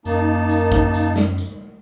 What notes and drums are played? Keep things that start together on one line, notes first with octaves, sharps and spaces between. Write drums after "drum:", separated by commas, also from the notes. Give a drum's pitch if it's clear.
F#2 A#3 D#4 A5, drum: tambourine
drum: tambourine
drum: kick, tambourine
drum: tambourine
drum: snare
drum: tambourine